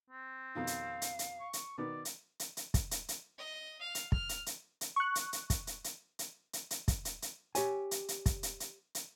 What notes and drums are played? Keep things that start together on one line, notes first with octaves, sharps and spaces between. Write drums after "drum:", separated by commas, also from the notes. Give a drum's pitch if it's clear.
C4
F2 B2 D#3 F5
drum: hi-hat
drum: hi-hat
drum: hi-hat
C#6
drum: hi-hat
B2 D#3 B3 D5
drum: hi-hat
drum: hi-hat
drum: hi-hat
drum: kick, hi-hat
drum: hi-hat
drum: hi-hat
D#5
F5
drum: hi-hat
F6, drum: kick
drum: hi-hat
drum: hi-hat
drum: hi-hat
C#6 F#6
drum: hi-hat
drum: hi-hat
drum: kick, hi-hat
drum: hi-hat
drum: hi-hat
drum: hi-hat
drum: hi-hat
drum: hi-hat
drum: kick, hi-hat
drum: hi-hat
drum: hi-hat
G4 C#5 G#5, drum: hi-hat
drum: hi-hat
drum: hi-hat
drum: kick, hi-hat
drum: hi-hat
drum: hi-hat
drum: hi-hat